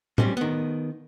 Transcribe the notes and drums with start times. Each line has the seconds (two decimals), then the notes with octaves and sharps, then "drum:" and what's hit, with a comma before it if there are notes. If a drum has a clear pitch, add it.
0.18 G3 C4 C#4, drum: tom A2
0.37 D#3 B3